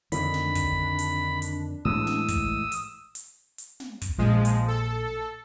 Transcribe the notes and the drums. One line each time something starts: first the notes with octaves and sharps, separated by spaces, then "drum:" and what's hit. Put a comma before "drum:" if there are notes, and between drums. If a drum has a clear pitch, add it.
F2 D3 D#3 D4 B5, drum: hi-hat
drum: snare
drum: kick, hi-hat
drum: hi-hat
drum: hi-hat
A2 E3 G#3 D#6 E6
drum: snare
drum: kick, hi-hat
drum: hi-hat
drum: hi-hat
drum: hi-hat
drum: snare
drum: kick, hi-hat
A#1 A#2 F3 G#3
drum: hi-hat
A4